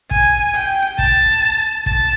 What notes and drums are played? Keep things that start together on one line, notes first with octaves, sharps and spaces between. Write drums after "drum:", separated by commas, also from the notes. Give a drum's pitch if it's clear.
G#5, drum: kick
G5
A5, drum: kick
A5, drum: kick